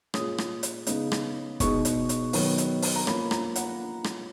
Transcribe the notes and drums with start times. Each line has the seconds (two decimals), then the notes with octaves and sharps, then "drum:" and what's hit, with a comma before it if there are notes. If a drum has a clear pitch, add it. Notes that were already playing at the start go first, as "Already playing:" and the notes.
0.14 A#2 G#3 C#4 D#6, drum: rim click
0.38 drum: rim click
0.63 drum: hi-hat
0.87 C#3 G#3 B3 D#4, drum: hi-hat
1.12 drum: rim click
1.60 B2 G#3 D#4 C#6, drum: kick, hi-hat
1.85 drum: hi-hat
2.09 drum: hi-hat
2.33 D#3 F#3 B3, drum: open hi-hat
2.58 drum: hi-hat
2.82 drum: open hi-hat
2.96 A#5
3.07 F3 A#3 C#4 B5, drum: rim click
3.31 A#5, drum: rim click
3.56 F#5, drum: hi-hat
4.04 drum: rim click